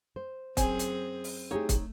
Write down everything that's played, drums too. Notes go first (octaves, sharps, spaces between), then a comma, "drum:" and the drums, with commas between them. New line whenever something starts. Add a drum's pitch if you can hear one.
C5
F#2 C4 G#4 C#5 G#5, drum: kick, hi-hat
drum: hi-hat
drum: open hi-hat
A3 D#4 E4 G4 G#4 C#5
drum: kick, hi-hat